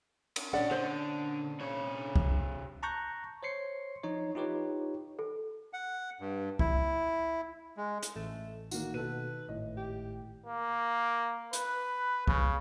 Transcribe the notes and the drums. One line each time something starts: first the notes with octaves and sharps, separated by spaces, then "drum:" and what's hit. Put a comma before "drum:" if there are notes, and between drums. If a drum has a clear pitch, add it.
drum: cymbal
A#2 C#4 D4 D5 F#5
D3 C5
C3 C#5
drum: kick C2
A5 A#5 C#6 F#6 G6 A#6
C5 C#5 C6 C7 C#7
F3 D#4 C#5
D#4 F4 G4 B4 C#5
A4
F#5
G2
E4, drum: kick C2
G#3
drum: hi-hat
A1 A3
D#3 A#3 F#4, drum: tambourine
B2 D#3 A4 B4 D#7
G#1 A2 D#5
G4
A#3
B4, drum: hi-hat
C#3, drum: kick C2